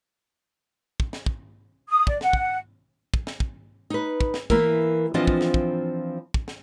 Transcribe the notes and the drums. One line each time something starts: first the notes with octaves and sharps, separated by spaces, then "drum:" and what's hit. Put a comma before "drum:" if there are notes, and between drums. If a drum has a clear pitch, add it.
drum: kick
drum: snare
drum: kick
D#6
D5, drum: kick
F#5, drum: snare
drum: kick
drum: kick
drum: snare
drum: kick
D#4 B4
drum: kick
drum: snare
E3 A#3 E4 A#4, drum: kick
E3 F3 C4 D4 F4 D#5
drum: kick
drum: snare
drum: kick
drum: kick
drum: snare